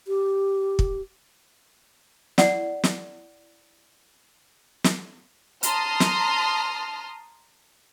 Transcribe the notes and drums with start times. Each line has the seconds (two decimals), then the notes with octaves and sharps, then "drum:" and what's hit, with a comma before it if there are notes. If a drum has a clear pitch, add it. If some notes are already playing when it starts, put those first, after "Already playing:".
0.08 G4
0.79 drum: kick
2.38 E4 D5 F#5, drum: snare
2.84 drum: snare
4.84 drum: snare
5.63 A5 A#5 C6 D#6 F6, drum: hi-hat
6.00 drum: snare